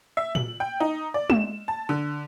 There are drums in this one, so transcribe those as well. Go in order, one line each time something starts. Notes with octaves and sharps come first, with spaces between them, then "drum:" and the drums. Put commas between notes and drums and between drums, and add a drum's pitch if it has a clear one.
E5
F#7, drum: tom A#2
G5
D#4
D5
E7, drum: tom G#3
A5
D3